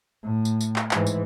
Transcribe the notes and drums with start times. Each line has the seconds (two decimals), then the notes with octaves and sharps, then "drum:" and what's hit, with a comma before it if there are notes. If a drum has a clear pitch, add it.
0.23 A2
0.45 drum: tambourine
0.61 drum: tambourine
0.76 drum: clap
0.91 G#2 E3, drum: clap
1.07 drum: tambourine